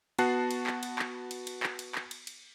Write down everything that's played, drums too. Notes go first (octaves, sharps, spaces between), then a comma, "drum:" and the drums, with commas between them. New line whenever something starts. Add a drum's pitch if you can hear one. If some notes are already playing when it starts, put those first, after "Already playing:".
B3 F#4 A5 F#6 C7, drum: cymbal
drum: cymbal
drum: clap
drum: cymbal
drum: clap
drum: cymbal
drum: cymbal
drum: clap
drum: cymbal
drum: clap
drum: cymbal
drum: cymbal